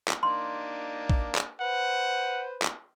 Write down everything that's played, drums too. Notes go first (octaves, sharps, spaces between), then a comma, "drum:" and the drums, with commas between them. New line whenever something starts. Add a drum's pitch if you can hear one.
drum: clap
A#3 D4 D#4 C6
drum: kick A#1
drum: clap
B4 C5 F#5
drum: clap